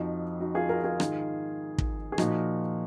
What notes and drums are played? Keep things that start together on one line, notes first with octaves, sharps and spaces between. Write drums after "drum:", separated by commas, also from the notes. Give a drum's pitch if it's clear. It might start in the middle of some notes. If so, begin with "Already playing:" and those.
Already playing: F2 F3 D#4 F#4
D#4 F#4
F4 G#4
F#4 A#4
F4 G#4
G#2 D#3, drum: rim click
drum: kick
G#4
A#2 F3 D#4 F#4, drum: rim click